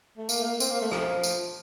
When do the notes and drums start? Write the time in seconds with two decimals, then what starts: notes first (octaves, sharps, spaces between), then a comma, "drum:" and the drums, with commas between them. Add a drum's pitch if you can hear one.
0.18 A3
0.29 A#3, drum: tambourine
0.41 A3
0.44 A#3
0.60 C4, drum: tambourine
0.71 A#3
0.81 A3
0.92 F3, drum: rim click
1.23 drum: tambourine